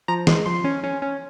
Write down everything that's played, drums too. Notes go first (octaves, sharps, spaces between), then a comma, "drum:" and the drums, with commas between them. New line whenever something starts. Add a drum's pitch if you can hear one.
F3 A#5
G#3 C6, drum: snare
F3 C6
C#4
C#4
C#4